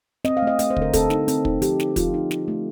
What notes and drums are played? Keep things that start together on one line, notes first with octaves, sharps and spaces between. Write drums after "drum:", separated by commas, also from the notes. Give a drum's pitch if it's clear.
C4 D#5, drum: snare
F5
A3 D#5
A3 D#5, drum: hi-hat
C5
D3, drum: kick
A#4
C4 A4, drum: kick, hi-hat
D#4, drum: snare
C4, drum: hi-hat
D#4, drum: kick
F3 G4, drum: hi-hat
D#4, drum: snare
F3 F4, drum: kick, hi-hat
D#4
D#4, drum: snare
A3